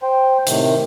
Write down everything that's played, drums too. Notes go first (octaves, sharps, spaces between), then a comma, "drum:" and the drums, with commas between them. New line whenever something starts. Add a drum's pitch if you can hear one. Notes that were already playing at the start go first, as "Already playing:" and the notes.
C5 G5
A2 C3 D#3, drum: hi-hat